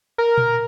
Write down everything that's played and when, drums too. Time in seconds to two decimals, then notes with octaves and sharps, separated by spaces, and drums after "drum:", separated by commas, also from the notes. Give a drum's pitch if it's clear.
0.18 A#4
0.38 drum: tom A#2